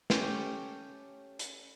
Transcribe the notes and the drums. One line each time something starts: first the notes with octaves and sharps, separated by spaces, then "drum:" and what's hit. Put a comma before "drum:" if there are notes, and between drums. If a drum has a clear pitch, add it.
A3 C#4 G4 G5, drum: snare
drum: hi-hat